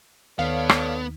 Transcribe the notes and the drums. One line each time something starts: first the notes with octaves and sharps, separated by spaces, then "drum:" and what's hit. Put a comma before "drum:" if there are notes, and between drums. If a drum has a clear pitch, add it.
D#2 D#3 B3 A4 C#5 D5 F5 B6
drum: rim click